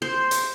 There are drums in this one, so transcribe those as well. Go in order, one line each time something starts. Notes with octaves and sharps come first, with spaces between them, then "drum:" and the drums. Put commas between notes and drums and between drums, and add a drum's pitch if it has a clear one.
C5
drum: hi-hat